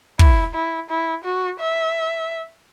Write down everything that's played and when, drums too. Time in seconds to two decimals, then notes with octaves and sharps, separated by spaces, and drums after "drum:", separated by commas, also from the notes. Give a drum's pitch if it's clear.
0.19 E4, drum: kick
0.55 E4
0.90 E4
1.24 F#4
1.61 E5